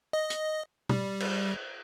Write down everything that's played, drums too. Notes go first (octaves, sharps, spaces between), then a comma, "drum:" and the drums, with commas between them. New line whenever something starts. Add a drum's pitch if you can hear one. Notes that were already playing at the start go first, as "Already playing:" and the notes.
D#5
drum: hi-hat
G3, drum: tom
drum: cymbal